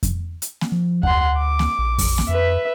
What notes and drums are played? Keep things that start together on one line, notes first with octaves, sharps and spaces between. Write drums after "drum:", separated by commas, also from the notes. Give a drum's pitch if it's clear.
drum: kick F2, hi-hat
drum: hi-hat
drum: snare A#3
F3
D2 F#5 C6, drum: kick F2
D6
drum: snare A#3
A#1
drum: kick F2, open hi-hat
drum: snare A#3
F2 B4 E5